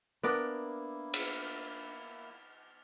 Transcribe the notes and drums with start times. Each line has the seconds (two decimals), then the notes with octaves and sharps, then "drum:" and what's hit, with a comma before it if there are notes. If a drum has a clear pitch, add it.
0.23 A#3 B3 D4 E4 A#4
1.14 drum: cymbal